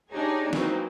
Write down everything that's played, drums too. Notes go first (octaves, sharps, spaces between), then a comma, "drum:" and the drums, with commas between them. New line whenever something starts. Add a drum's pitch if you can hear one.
D4 D#4 G4 G#4 C#5 G#5
E3 F#3 A#3 C4 D#4, drum: snare